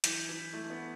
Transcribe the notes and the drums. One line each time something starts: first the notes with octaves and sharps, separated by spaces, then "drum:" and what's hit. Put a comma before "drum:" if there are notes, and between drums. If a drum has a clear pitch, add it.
E3 G6 B6 E7, drum: hi-hat
E3
A3
B3